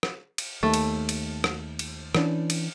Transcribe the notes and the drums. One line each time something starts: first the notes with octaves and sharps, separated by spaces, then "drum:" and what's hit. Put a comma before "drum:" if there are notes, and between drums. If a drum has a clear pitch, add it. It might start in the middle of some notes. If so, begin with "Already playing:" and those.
drum: rim click
drum: cymbal
D#2 A3
drum: cymbal
drum: cymbal
drum: rim click
drum: cymbal
E3 C#4 D4, drum: rim click
drum: cymbal